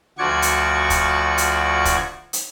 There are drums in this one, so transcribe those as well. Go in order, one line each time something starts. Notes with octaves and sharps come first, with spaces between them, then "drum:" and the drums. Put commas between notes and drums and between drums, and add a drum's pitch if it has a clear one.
D2 F3 F#4 D5 C#6 G#6
drum: hi-hat
drum: kick C#1, hi-hat
drum: hi-hat
drum: kick C#1, hi-hat
drum: hi-hat